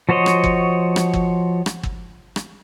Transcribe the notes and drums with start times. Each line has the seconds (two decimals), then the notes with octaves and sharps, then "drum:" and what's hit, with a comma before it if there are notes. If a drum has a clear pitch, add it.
0.09 F3 F#4 C5 C#5 D#5
0.26 drum: rim click
0.44 drum: kick G1
0.96 drum: rim click
1.13 drum: kick G1
1.66 drum: rim click
1.83 drum: kick G1
2.36 drum: rim click